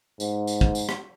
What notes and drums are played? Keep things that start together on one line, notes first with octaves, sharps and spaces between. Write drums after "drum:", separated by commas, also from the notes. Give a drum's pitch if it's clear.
G#2, drum: tambourine
drum: tambourine
drum: kick
drum: tambourine
drum: rim click